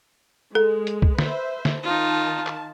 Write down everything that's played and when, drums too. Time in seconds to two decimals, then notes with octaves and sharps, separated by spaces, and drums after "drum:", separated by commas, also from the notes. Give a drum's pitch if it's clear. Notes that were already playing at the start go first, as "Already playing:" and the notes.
0.55 G#3 A4
0.87 drum: hi-hat
1.02 drum: kick
1.19 B4 C5 E5, drum: snare D3
1.65 drum: snare D3
1.83 D#3 D#4 F4 A5
2.47 drum: clap